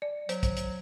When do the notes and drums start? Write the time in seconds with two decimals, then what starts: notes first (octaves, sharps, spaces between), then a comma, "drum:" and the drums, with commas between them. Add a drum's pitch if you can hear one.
0.02 D5
0.29 F#3 C5, drum: hi-hat
0.43 drum: kick, hi-hat
0.57 drum: hi-hat